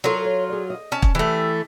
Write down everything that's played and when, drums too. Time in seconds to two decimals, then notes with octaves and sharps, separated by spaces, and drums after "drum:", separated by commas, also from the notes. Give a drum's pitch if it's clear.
0.04 F#3 F4 A4 A#4 A#5
0.25 C#5
0.49 G#4 D5
0.70 D#5
0.92 C#4 A5
1.02 drum: kick
1.15 E3 A3 G4